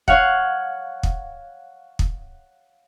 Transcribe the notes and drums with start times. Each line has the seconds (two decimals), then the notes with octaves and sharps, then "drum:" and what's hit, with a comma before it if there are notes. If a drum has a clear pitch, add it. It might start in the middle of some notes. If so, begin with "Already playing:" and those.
0.08 C#5 F5 F#5, drum: kick
1.03 drum: kick
1.99 drum: kick